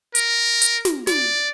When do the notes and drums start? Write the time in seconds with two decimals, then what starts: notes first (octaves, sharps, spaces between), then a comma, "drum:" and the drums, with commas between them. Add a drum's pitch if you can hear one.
0.15 A#4, drum: hi-hat
0.62 drum: hi-hat
0.85 drum: snare
1.07 D5, drum: snare